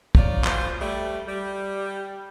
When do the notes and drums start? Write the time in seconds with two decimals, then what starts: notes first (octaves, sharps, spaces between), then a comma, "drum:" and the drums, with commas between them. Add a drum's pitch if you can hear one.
0.15 D#4 F4 C#5 D5, drum: kick
0.44 F4 C5, drum: clap
0.80 G3 A3
1.27 G3